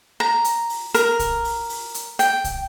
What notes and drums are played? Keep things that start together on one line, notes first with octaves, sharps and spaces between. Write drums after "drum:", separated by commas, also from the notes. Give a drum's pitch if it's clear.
A#5
drum: hi-hat
drum: open hi-hat
A#4, drum: hi-hat
drum: kick B1, hi-hat
drum: open hi-hat
drum: open hi-hat
drum: hi-hat
G5, drum: hi-hat
drum: kick B1, hi-hat